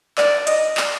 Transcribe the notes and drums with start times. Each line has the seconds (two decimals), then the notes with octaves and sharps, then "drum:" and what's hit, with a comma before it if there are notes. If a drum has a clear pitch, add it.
0.18 D5, drum: clap
0.47 D#5, drum: hi-hat
0.77 drum: clap